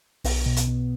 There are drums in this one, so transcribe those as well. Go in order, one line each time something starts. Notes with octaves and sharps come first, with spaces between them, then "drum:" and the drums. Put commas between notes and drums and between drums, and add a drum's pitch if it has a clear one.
B1 B3, drum: open hi-hat
B2
drum: hi-hat
B2